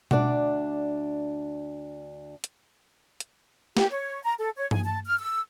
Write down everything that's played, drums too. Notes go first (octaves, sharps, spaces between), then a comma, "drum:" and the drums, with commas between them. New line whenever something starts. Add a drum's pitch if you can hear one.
D2 D4 D5 F#5, drum: tom B2
drum: hi-hat
drum: hi-hat
G4, drum: snare
C#5
A#5
A4
C#5
G#5, drum: tom G2
A5
F6
E6